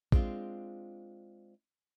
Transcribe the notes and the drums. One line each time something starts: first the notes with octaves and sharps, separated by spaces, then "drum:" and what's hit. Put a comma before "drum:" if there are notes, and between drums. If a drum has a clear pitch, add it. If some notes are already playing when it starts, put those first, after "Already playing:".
G#3 C4 D4 F4, drum: kick